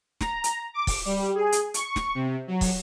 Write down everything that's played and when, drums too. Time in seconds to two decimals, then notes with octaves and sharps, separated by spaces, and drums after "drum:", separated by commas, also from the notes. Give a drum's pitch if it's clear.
0.21 A#5, drum: snare
0.44 drum: hi-hat
0.74 D6
0.87 drum: kick, open hi-hat
1.05 G3
1.35 G#4
1.52 drum: hi-hat
1.74 C#6, drum: hi-hat
1.96 drum: snare
2.15 C3
2.47 F#3
2.61 drum: kick, open hi-hat